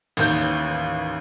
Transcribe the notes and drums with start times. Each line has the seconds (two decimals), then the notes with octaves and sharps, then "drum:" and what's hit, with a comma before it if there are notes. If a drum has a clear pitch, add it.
0.17 A1 D#2 G6, drum: open hi-hat